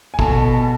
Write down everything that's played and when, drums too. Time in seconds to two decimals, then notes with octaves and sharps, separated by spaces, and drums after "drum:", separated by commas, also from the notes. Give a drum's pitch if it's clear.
0.14 G#5
0.19 B2 A4 A5, drum: kick
0.54 A5